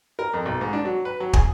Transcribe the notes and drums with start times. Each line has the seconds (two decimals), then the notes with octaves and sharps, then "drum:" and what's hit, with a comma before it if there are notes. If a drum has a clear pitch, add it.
0.19 A#4
0.34 F2
0.45 B1
0.61 G#2
0.73 D4
0.85 F#3
1.05 B4
1.20 F#3
1.33 G#4, drum: kick